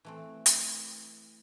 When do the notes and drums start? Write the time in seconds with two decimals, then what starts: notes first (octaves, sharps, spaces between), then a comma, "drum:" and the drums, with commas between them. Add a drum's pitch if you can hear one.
0.05 E3 A3 C4
0.46 drum: hi-hat